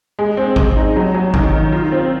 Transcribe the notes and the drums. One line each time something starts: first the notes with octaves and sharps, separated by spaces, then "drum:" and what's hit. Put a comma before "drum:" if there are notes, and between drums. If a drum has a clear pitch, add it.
G#3
C4
G#3, drum: kick G#1
D#4
F#3
F#3
D#3, drum: kick G#1
D#3
F4
C4